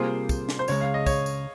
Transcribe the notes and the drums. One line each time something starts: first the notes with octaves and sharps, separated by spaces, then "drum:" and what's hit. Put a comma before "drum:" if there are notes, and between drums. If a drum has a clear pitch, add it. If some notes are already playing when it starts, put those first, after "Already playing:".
Already playing: C3 G3 A#3 F4 G#4 C5
drum: kick, tambourine
drum: snare
C5
C#2 C#3 G#3 C#5, drum: tambourine
F5
D#5
C#5, drum: kick, tambourine
drum: tambourine